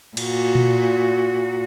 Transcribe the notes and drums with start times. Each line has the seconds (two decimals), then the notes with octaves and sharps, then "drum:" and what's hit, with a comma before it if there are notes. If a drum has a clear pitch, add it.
0.17 A#2 F#4, drum: cymbal
0.55 drum: tom A#2